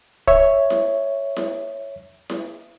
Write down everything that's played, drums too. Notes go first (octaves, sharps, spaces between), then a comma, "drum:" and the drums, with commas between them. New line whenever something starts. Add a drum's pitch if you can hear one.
C#5 E5, drum: kick
drum: snare E4
drum: snare E4
drum: snare E4